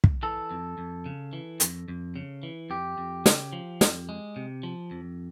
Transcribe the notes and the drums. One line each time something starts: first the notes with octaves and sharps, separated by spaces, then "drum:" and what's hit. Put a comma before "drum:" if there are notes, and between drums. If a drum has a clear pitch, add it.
drum: kick
E3 A4
F2
F2
C#3
E3
F2, drum: hi-hat
F2
C#3
E3
F2 G4
F2
C#3, drum: snare
F3
F2, drum: snare
G#3
C3
F3
F2